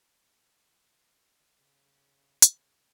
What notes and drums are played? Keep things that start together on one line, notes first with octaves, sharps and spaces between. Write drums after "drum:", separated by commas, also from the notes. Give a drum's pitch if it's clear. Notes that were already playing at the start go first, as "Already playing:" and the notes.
C#3
drum: hi-hat